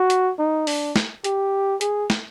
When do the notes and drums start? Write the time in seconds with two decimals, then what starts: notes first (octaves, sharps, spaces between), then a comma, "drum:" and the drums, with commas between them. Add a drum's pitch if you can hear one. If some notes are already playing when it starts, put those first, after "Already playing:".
Already playing: F#4
0.10 drum: hi-hat
0.39 D#4
0.67 D4, drum: open hi-hat
0.96 drum: snare
1.24 G4, drum: hi-hat
1.81 G#4, drum: hi-hat
2.10 drum: snare